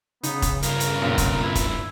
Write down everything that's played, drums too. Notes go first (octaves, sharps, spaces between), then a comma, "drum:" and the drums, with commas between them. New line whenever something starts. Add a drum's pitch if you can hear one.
C#3 B3 D#4, drum: hi-hat
drum: kick F1, hi-hat
G2 F4 A#4, drum: hi-hat
drum: hi-hat
B1 F#2 A#2
drum: kick F1, hi-hat
E4
drum: kick F1, hi-hat